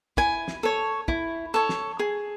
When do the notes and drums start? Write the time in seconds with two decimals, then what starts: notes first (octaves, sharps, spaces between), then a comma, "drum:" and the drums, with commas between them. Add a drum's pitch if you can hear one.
0.17 E4 G#5, drum: kick
0.48 drum: snare
0.63 A4 C#5
1.08 E4, drum: kick
1.54 A4 C#5
1.69 drum: snare
1.99 G#4